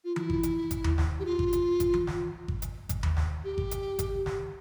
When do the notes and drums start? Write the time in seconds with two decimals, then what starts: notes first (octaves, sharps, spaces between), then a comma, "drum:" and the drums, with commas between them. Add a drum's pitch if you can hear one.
0.04 F4
0.16 E4, drum: tom E3
0.30 drum: kick G#1
0.43 drum: hi-hat
0.71 drum: kick G#1, hi-hat
0.84 drum: tom D#2
0.98 drum: snare
1.20 G4
1.25 F4
1.39 drum: kick G#1
1.53 drum: hi-hat
1.80 drum: kick G#1, hi-hat
1.94 drum: tom E3
2.07 drum: snare
2.48 drum: kick G#1
2.62 drum: hi-hat
2.89 drum: kick G#1, hi-hat
3.03 drum: tom D#2
3.17 drum: snare
3.44 G4
3.58 drum: kick G#1
3.71 drum: hi-hat
3.99 drum: kick G#1, hi-hat
4.26 drum: snare